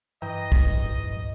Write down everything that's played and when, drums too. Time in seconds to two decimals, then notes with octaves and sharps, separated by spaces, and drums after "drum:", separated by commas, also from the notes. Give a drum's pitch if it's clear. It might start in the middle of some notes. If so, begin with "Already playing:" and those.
0.22 G2 E3 D#5 G5 A#5
0.52 drum: kick